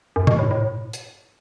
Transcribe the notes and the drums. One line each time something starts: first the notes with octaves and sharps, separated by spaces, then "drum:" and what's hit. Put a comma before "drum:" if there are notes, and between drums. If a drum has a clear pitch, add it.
F#2
B2, drum: tom C3
A2
A2
drum: hi-hat